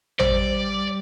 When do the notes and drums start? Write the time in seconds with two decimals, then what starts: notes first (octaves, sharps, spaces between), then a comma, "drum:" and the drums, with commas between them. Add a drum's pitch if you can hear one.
0.19 G3 C5 D5, drum: tom